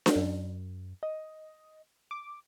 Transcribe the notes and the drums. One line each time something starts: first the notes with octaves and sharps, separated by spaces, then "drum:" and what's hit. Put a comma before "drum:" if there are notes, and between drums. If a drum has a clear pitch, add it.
drum: snare D4
F#2
D#5
D6